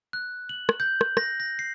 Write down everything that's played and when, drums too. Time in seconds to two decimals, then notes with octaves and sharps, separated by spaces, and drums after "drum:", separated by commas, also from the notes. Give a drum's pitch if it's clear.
0.13 F#6
0.49 F#7
0.69 drum: rim click
0.80 G6
1.01 drum: rim click
1.17 A#6, drum: rim click
1.40 A#6
1.59 C7